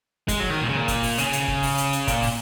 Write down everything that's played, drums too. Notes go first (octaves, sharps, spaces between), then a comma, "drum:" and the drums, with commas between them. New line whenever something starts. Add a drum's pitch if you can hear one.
G#3, drum: kick, hi-hat
F#3
D#3
A#2
C#3
A#2
drum: kick, hi-hat
drum: open hi-hat
C#3, drum: hi-hat
drum: hi-hat
drum: kick
drum: open hi-hat
drum: hi-hat
drum: hi-hat
A#2, drum: kick, hi-hat
drum: open hi-hat